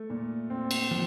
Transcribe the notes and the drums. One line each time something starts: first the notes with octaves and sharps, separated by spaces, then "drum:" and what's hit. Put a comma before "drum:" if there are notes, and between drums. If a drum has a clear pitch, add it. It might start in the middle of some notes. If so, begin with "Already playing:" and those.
Already playing: A3
A#2
C4
drum: cymbal
F3